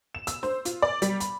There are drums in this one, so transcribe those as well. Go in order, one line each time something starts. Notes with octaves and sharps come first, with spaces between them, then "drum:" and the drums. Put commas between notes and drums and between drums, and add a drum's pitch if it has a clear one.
E7
E6, drum: hi-hat
C5, drum: snare
F4, drum: hi-hat
D5
G3, drum: hi-hat
B5, drum: hi-hat